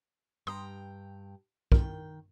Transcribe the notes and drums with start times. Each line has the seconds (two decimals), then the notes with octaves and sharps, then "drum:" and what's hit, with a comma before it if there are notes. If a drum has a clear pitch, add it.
0.47 G2 G5 A#5 C6 D#6
1.72 D#3 A#4 G5, drum: kick